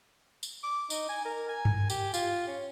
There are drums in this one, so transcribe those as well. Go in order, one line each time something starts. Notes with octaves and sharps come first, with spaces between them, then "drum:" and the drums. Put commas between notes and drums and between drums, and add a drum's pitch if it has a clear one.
drum: tambourine
D6
D#4, drum: tambourine
G#5
A#4
G#5
drum: tom G2
G4, drum: tambourine
F4, drum: tambourine
C#4